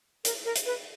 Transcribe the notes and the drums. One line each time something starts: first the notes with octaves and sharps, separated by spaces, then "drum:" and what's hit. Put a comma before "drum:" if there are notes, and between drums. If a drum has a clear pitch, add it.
A#4, drum: hi-hat
A#4
drum: hi-hat
B4